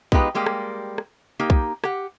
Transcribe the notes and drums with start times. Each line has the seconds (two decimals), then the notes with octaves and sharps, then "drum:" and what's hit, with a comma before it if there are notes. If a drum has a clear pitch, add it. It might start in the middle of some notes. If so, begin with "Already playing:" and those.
0.12 G#3 B3 D#4 F4 G4 B4, drum: kick B1
0.35 G3 G#3 A#3 G4
0.46 drum: rim click
0.98 drum: rim click
1.39 A#3 D#4 G4
1.50 drum: kick B1
1.84 G4 F#5, drum: rim click